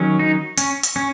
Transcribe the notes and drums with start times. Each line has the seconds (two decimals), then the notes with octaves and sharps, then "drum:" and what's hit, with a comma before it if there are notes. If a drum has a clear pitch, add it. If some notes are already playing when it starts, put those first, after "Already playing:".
Already playing: D#3 F#3 C#4
0.19 D#4
0.58 C#4, drum: hi-hat
0.83 drum: hi-hat
0.96 C#4